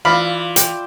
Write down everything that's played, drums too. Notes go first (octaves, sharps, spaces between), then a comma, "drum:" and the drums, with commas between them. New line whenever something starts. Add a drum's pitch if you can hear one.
E3 F4 D5 E5 F5 B5
G5 D6, drum: hi-hat